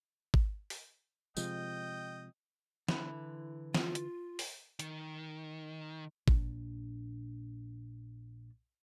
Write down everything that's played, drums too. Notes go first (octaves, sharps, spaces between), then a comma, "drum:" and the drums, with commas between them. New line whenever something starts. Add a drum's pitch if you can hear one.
drum: kick G#1
drum: open hi-hat
C3 F3 G#3 D#5 G5, drum: tambourine
D3 E3 E4, drum: snare
F4, drum: snare
drum: hi-hat
drum: open hi-hat
D#3, drum: hi-hat
A#1 D4, drum: kick G#1